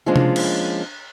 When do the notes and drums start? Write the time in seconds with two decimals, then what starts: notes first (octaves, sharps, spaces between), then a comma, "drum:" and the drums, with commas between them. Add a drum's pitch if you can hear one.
0.06 F3 G#3 A#3 C#4 D4 F4
0.16 drum: tom C3
0.36 drum: cymbal